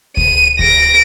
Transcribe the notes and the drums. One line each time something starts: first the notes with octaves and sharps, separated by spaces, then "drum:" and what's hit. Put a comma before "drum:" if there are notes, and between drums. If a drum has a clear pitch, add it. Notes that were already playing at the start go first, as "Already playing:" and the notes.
D#7, drum: kick D2
A#6 D7, drum: kick D2